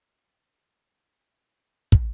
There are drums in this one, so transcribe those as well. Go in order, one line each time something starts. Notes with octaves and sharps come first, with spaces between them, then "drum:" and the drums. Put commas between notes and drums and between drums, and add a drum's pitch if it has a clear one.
D6 E6 A6 C#7 D7 G7
drum: kick